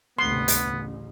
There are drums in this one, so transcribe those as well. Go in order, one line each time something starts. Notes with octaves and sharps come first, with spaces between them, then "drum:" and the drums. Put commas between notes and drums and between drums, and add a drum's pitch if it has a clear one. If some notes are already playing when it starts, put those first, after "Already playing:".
G#1 D2 C3 B3 C6
drum: hi-hat
A1 C#3